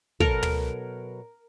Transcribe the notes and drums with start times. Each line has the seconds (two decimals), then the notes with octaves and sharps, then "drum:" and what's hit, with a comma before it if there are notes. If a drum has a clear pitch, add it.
0.20 B2 F#3 A4 A#4, drum: kick
0.43 drum: tom